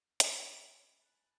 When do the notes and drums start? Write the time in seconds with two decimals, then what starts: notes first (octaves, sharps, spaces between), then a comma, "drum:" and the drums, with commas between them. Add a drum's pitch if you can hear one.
0.20 D2 D#3 G3 G5, drum: hi-hat
0.59 B3 D4 D#4 F#4 G#4 E5
0.93 G#5 A5 B5 F#6